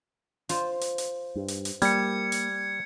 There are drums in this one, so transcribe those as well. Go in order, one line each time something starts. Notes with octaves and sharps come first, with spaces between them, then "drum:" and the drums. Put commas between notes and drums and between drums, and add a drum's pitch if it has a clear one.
F4 C5, drum: hi-hat
drum: hi-hat
drum: hi-hat
G2
drum: hi-hat
drum: hi-hat
G3 A#3 G#6 C#7, drum: hi-hat
drum: hi-hat